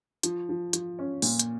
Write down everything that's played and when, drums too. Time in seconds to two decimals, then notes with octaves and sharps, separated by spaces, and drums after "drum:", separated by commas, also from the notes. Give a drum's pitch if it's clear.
0.23 F3, drum: hi-hat
0.49 F3
0.73 F3, drum: hi-hat
0.99 C#4
1.22 A#2, drum: open hi-hat
1.39 drum: hi-hat